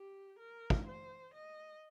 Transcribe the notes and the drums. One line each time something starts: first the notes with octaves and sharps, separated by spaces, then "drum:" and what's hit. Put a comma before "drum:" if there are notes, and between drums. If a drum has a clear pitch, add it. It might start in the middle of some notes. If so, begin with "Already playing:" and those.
Already playing: G4
A#4
drum: kick
C5
D#5